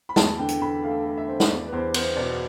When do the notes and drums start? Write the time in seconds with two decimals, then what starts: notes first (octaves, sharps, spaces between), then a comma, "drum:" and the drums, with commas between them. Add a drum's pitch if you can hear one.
0.09 B5
0.16 E2 A5, drum: snare
0.39 D3 G5
0.49 drum: hi-hat
0.61 D3 B5
0.83 A3 F5
1.06 A3
1.17 E5
1.28 C4
1.40 drum: snare
1.50 E2 D5
1.67 B4
1.73 E2 C5
1.94 B3 C5, drum: cymbal
2.17 B2 D5